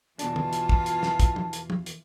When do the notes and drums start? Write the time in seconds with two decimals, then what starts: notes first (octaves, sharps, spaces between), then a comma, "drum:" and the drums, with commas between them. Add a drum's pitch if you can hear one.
0.19 E2 B2 E3 D4 F4 A5, drum: hi-hat
0.36 drum: tom D3
0.53 drum: hi-hat
0.69 drum: kick
0.86 drum: hi-hat
1.03 drum: snare
1.20 drum: kick, hi-hat
1.36 drum: tom
1.53 drum: hi-hat
1.70 drum: tom
1.86 drum: hi-hat